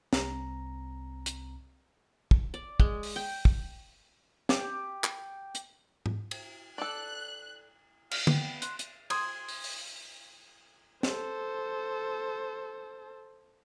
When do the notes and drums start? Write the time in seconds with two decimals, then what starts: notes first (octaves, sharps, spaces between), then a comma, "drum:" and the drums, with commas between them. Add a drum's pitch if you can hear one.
0.13 C2 C4 A#5, drum: snare
1.26 drum: hi-hat
2.31 drum: kick
2.54 D5
2.80 G#3, drum: kick
3.03 drum: open hi-hat
3.16 G5
3.45 drum: kick
4.49 G4, drum: snare
5.04 drum: clap
5.55 drum: hi-hat
6.06 drum: tom G#2
6.31 drum: cymbal
6.78 A4 D5 F#6
8.11 F5, drum: cymbal
8.27 B3 G5, drum: tom
8.62 C6 F#6, drum: hi-hat
8.79 drum: hi-hat
9.10 C6 D#6 G#6, drum: cymbal
9.48 drum: open hi-hat
9.64 drum: open hi-hat
11.03 A4 C5, drum: snare